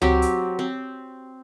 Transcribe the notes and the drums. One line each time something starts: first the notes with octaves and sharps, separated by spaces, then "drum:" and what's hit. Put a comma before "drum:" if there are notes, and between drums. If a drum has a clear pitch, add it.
F#3 C4 G4, drum: tom C#2
drum: hi-hat
C4